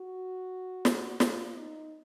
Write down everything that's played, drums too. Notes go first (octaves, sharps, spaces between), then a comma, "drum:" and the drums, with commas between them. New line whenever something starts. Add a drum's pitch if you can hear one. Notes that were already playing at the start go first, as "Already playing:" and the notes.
Already playing: F#4
drum: snare
F4, drum: snare
D#4